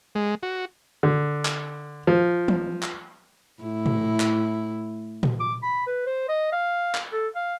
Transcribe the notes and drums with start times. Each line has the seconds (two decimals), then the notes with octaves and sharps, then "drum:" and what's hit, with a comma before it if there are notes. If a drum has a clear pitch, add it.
0.15 G#3
0.43 F#4
1.03 D3
1.45 drum: clap
2.07 F3
2.48 drum: tom E3
2.83 drum: clap
3.63 A2 E4
3.86 drum: tom A#2
4.20 drum: clap
5.23 drum: tom A#2
5.40 D6
5.63 B5
5.87 B4
6.07 C5
6.29 D#5
6.52 F5
6.95 drum: clap
7.13 A4
7.35 F5